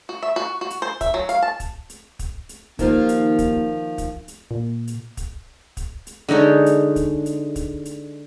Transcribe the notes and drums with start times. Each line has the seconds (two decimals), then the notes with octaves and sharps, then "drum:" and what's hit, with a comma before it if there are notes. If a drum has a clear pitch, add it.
0.09 F#4
0.23 E5
0.36 F#4
0.61 F#4
0.70 drum: hi-hat
0.82 C5
1.01 E5, drum: kick, hi-hat
1.14 F#3
1.29 F5, drum: hi-hat
1.42 A5
1.60 drum: kick, hi-hat
1.90 drum: hi-hat
2.19 drum: kick, hi-hat
2.49 drum: hi-hat
2.79 D#2 D#3 F3 A#3, drum: kick, hi-hat
3.09 drum: hi-hat
3.39 drum: kick, hi-hat
3.98 drum: kick, hi-hat
4.28 drum: hi-hat
4.51 A#2
4.87 drum: hi-hat
5.17 drum: kick, hi-hat
5.77 drum: kick, hi-hat
6.07 drum: hi-hat
6.29 D3 G#3 D#4 C#5
6.66 drum: hi-hat
6.96 drum: kick, hi-hat
7.26 drum: hi-hat
7.56 drum: kick, hi-hat
7.85 drum: hi-hat